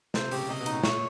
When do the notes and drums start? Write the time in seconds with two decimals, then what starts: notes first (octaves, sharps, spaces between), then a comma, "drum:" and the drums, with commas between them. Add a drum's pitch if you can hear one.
0.14 C3 C5, drum: snare
0.31 C#3 G4, drum: open hi-hat
0.49 C3 D#5
0.60 B2
0.66 D#4, drum: hi-hat
0.72 A2
0.84 A#2 C#5, drum: snare